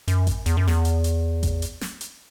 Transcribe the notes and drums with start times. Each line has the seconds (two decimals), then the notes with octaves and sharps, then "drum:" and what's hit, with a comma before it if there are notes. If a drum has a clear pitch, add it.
0.08 F#2, drum: hi-hat
0.27 drum: kick A1, hi-hat
0.46 E2, drum: hi-hat
0.57 F#2
0.67 E2, drum: snare
0.85 drum: hi-hat
1.04 drum: hi-hat
1.43 drum: kick A1, hi-hat
1.62 drum: hi-hat
1.81 drum: snare
2.01 drum: hi-hat